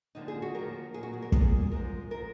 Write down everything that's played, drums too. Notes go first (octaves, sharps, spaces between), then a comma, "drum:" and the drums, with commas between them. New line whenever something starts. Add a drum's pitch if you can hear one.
D#2 D3 F3 A#3 D#4
G#4
F#4
D#2 D3 F3 A#3 A#4
A#2 F#3 A#3 G#4
F#4
G#4
A#4
A#2 F#3 A#3 G#4, drum: kick
F#2 F3 G#3 A#4
F3 G#3 A#4